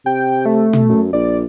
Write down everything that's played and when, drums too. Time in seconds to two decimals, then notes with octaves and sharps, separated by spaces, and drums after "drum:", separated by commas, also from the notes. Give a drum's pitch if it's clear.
0.06 C3 G5
0.45 A3
0.73 drum: tom
0.89 F#2
1.13 A#1 D5